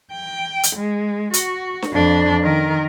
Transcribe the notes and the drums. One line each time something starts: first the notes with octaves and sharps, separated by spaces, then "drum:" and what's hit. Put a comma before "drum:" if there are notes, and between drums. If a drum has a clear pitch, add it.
G5
drum: hi-hat
G#3
F#4, drum: hi-hat
drum: snare D4
F2 D4
D#3 A#4